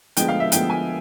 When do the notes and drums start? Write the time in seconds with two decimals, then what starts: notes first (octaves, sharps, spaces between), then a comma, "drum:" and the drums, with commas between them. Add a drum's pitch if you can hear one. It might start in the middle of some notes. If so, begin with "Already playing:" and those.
0.17 D3 F3 G#3 B3 G5, drum: hi-hat
0.28 F5
0.40 E5
0.52 D3 F3 G#3 B3 G5, drum: hi-hat
0.70 G#5